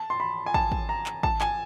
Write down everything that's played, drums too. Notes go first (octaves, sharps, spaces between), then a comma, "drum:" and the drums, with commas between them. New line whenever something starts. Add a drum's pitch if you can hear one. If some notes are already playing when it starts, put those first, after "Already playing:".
Already playing: A5
C6
B5
G#5
A5, drum: kick
drum: kick
A#5
drum: clap
A5, drum: kick
G#5, drum: clap